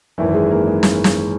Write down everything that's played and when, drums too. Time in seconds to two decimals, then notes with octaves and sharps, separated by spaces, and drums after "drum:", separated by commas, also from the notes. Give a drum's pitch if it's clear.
0.18 G#1 F#2 D#3 E3 E4
0.34 G#3 G#4
0.50 A#3 A#4
0.67 G#3 G#4
0.83 drum: snare
1.04 drum: snare